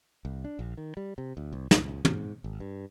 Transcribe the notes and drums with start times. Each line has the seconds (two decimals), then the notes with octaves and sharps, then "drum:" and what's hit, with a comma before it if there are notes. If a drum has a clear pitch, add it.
0.25 C2
0.45 D4
0.59 A#1
0.77 D#3
0.97 G3
1.18 C3
1.37 D2
1.53 C2
1.71 C#2, drum: snare
2.05 G#2, drum: tom
2.44 G#1
2.60 G2